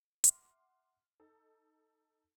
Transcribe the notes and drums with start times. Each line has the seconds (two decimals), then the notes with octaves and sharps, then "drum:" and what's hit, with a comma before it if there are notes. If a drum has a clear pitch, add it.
0.24 E5 F#5 C6 D6 F6, drum: hi-hat
1.20 D#4 A4